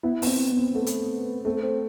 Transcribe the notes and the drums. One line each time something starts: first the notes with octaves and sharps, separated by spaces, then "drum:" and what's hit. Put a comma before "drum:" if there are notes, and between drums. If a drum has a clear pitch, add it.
B3 E4
B3, drum: open hi-hat
C4
B3
C4
A3 B3
drum: hi-hat
A3 C4
C4